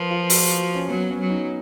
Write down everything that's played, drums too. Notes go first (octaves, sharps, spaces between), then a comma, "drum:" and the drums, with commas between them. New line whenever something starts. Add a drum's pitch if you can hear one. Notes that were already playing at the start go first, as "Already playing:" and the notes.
Already playing: F3 A#4 B4
F4
F#4, drum: open hi-hat
F#4
C#4
F#3 B3
C#4
F#3
D#4